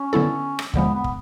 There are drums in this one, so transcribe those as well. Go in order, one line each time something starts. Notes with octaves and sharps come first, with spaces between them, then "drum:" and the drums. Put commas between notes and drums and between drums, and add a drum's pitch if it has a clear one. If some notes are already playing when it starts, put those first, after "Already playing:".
Already playing: C#4
D3 F#3 B3 E4 A4
drum: rim click
D#2 D3 F3 G#3 B3, drum: kick
B3
drum: kick